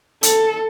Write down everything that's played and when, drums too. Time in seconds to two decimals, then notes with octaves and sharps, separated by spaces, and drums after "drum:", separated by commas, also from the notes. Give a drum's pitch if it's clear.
0.23 A4, drum: hi-hat